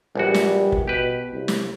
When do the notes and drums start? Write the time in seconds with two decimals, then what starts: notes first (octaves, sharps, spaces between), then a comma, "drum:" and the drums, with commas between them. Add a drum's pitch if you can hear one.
0.15 A#1 E2 G3 F#4
0.34 drum: snare
0.72 drum: kick
0.88 B2 G4 B4
1.32 C2
1.48 drum: snare